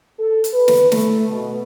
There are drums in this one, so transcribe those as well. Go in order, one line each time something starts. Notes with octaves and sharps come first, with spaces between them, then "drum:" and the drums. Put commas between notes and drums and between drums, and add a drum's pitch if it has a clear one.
A4
drum: hi-hat
B4
drum: snare
A3, drum: snare
B2